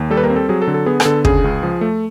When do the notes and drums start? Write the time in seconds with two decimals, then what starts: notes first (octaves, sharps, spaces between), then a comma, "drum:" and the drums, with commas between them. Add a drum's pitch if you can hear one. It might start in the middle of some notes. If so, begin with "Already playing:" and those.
Already playing: D#2
0.10 G3 A4
0.17 B4
0.24 A#3 A#4
0.30 C4
0.36 A4
0.49 F#3 G#4
0.62 A4
0.67 D3
0.74 A4
0.86 B3 G#4
1.00 G#4, drum: rim click
1.05 D3 A4
1.25 C#3 G#4, drum: kick
1.44 C#2
1.63 F3
1.81 A3